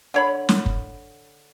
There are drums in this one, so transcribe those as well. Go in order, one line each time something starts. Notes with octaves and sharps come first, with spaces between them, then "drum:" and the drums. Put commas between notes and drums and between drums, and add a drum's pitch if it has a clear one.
D3 C#5 B5
drum: snare
drum: kick